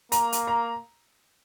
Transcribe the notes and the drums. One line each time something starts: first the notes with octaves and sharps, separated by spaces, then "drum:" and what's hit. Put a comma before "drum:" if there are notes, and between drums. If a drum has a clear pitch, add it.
A#3 A#5, drum: hi-hat
drum: hi-hat
A#5